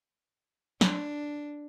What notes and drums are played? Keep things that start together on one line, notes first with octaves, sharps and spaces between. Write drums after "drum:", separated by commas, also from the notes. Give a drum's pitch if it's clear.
D4, drum: snare